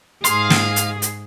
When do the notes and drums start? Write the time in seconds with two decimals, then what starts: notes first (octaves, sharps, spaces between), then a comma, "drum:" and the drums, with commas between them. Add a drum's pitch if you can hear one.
0.24 G#2 G#4 F5 C6, drum: hi-hat
0.50 drum: snare
0.76 drum: hi-hat
1.02 drum: hi-hat